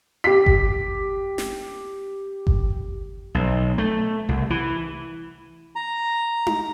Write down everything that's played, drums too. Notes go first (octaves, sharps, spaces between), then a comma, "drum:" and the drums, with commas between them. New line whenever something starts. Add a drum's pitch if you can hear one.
G4 B6
drum: kick G1
drum: snare
drum: kick G1
B1
A3
C2
E3
A#5
drum: tom D#4